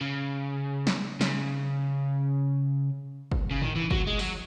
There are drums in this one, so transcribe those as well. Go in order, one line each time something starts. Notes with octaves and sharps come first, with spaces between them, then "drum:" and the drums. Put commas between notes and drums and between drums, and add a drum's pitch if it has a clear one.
C#3
drum: snare
C#3, drum: snare
drum: kick
C#3
D#3, drum: tom G#2
E3
F#3, drum: kick
G#3
F#3, drum: open hi-hat